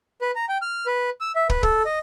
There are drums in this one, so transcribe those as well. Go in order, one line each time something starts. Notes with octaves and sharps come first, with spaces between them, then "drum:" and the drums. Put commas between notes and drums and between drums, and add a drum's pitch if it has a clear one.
B4
A#5
G5
F6
B4
E6
E5
B4, drum: kick
A4, drum: kick
D#5